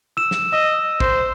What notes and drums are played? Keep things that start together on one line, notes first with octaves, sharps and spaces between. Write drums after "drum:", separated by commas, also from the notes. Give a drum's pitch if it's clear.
E6 E7
drum: snare
D#5 E6
C5, drum: kick